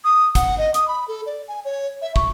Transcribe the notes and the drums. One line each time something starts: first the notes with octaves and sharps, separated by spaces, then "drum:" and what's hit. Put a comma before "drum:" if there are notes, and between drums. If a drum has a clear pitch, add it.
D#6
F#5, drum: kick, hi-hat
D#5
D#6, drum: hi-hat
B5
A4
D5
G#5
C#5
E5
C#6, drum: kick